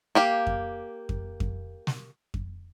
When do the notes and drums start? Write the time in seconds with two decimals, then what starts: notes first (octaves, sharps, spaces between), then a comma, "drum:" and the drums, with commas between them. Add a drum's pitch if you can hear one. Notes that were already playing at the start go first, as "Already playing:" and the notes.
0.15 A#3 G4 F5
0.47 drum: kick F2
1.09 drum: kick F2
1.40 drum: kick F2
1.87 drum: snare
2.34 drum: kick F2